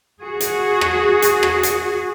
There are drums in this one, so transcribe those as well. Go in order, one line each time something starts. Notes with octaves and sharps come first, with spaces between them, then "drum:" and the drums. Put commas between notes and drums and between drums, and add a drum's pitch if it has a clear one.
F#4 G#4
drum: hi-hat
drum: rim click
drum: hi-hat
drum: rim click
drum: hi-hat